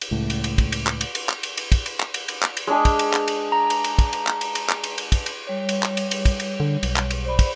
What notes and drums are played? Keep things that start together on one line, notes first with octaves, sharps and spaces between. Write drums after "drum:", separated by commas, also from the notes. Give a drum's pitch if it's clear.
drum: cymbal
C#2 A2
drum: cymbal
drum: cymbal
drum: kick, cymbal
drum: cymbal
drum: clap
drum: cymbal
drum: cymbal
drum: clap
drum: cymbal
drum: cymbal
drum: kick, cymbal
drum: cymbal
drum: clap
drum: cymbal
drum: cymbal
drum: clap
drum: cymbal
G#3 D4 G#4
drum: kick, cymbal
drum: cymbal
drum: clap
drum: cymbal
A#5
drum: cymbal
drum: cymbal
drum: kick, cymbal
drum: cymbal
drum: clap
drum: cymbal
drum: cymbal
drum: clap
drum: cymbal
drum: cymbal
drum: kick, cymbal
drum: cymbal
G3 C#5
drum: cymbal
drum: clap
drum: cymbal
drum: cymbal
drum: kick, cymbal
drum: cymbal
D3
B1, drum: cymbal
drum: clap
drum: cymbal
C5 D5 B5
drum: kick, cymbal